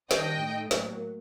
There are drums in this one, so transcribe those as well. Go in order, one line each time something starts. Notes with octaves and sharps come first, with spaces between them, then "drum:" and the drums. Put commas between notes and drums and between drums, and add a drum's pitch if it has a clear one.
D#3 G3 D4 D#5 G5, drum: snare
A2 A3 D#4
A2 F#3 A#3, drum: snare